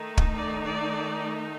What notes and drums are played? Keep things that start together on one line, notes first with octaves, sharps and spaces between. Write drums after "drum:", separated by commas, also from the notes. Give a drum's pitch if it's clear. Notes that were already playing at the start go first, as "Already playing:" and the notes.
Already playing: D#3 A3 D#4
drum: kick
D5
D5